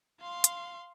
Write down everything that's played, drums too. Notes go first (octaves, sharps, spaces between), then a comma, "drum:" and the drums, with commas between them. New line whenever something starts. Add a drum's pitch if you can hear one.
F5 C6
drum: hi-hat